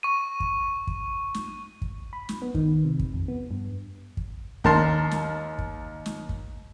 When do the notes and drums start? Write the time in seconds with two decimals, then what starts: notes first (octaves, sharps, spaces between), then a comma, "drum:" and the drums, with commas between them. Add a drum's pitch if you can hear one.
0.03 C#6 D#7
0.40 drum: kick
0.87 drum: kick
1.34 drum: snare
1.82 drum: kick
2.13 B5
2.29 drum: snare
2.42 B3
2.55 D#3, drum: kick
2.85 C3
2.99 drum: kick
3.14 F2
3.28 B3
3.51 G2
4.17 drum: kick
4.64 D#2 A#4 A5 C6, drum: kick
5.11 drum: snare
5.58 drum: kick
6.06 drum: snare
6.29 drum: kick